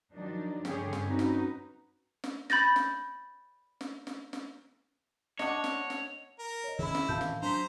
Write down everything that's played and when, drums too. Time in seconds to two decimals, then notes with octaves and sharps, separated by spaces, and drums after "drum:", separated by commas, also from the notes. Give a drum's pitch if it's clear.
0.13 D#3 F3 F#3 D4 D#4
0.65 G2 D3 G4 G#4 C#5, drum: snare
0.93 drum: snare
1.05 C4 C#4 D#4 F#4 B4
1.19 drum: snare
2.24 drum: snare
2.50 B5 G6 A6 A#6, drum: snare
2.76 drum: snare
3.81 drum: snare
4.07 drum: snare
4.33 drum: snare
5.39 D4 C#5 D#5 F#5, drum: snare
5.64 drum: snare
5.90 drum: snare
6.39 A#4
6.64 C#5 D#5
6.79 D#3 C#4 E4 G#4 B5
6.95 drum: snare
7.09 A2 D#3 E3 F5 A5 G6
7.21 drum: snare
7.42 F#3 D4 C5 A#5 B6